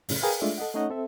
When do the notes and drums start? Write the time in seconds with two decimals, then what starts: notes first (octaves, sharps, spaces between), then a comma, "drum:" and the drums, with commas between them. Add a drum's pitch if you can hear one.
0.09 F#2 A2 C#3, drum: open hi-hat
0.22 G#4 A#4 B4 F5 G5 G#5
0.41 G#3 A3 D4 F4 E5
0.58 A4 D#5 F#5
0.74 A3 C#4 D#4 C#5 D#5 F#5
0.90 C4 A4 E5